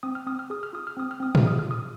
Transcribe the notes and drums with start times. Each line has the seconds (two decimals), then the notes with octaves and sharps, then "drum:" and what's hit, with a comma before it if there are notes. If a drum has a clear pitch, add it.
0.03 C4 D#6
0.15 F6
0.27 C4 D#6
0.39 F6
0.50 G#4 D#6
0.63 F6
0.73 F4 D#6
0.87 F6
0.97 C4 D#6
1.11 F6
1.20 C4 D#6
1.35 F6, drum: tom A2
1.43 G#4 D#6
1.59 F6
1.66 F4 D#6